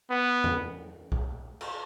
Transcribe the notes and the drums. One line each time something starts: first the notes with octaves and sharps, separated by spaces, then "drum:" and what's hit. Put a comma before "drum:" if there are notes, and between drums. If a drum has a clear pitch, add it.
B3
drum: tom E2
drum: kick
drum: cymbal